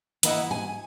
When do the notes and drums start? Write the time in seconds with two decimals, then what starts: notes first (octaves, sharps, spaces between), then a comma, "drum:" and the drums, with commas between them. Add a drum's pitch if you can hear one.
0.23 E3 A#3 E4 D#5 F#5, drum: hi-hat
0.51 G#5